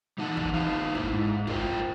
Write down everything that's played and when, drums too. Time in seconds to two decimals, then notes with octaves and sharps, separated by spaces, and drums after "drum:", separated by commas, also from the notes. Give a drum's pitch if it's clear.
0.18 E3 D#4 F#5 A5
0.37 drum: kick
0.54 A#3 D#4 C5 F5
0.95 G#2 E4, drum: kick
1.11 G#2
1.47 F4 A#4 C5 G5, drum: kick